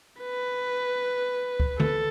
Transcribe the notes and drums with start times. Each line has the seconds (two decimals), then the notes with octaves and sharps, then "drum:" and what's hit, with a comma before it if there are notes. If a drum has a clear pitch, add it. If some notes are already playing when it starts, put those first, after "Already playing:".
0.21 B4
1.60 drum: kick C#2
1.80 A4, drum: tom D3